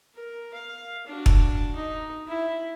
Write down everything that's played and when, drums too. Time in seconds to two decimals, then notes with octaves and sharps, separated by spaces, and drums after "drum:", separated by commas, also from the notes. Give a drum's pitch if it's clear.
0.14 A#4
0.53 F5
1.06 D4 F#4
1.26 drum: kick
1.75 D#4
2.28 E4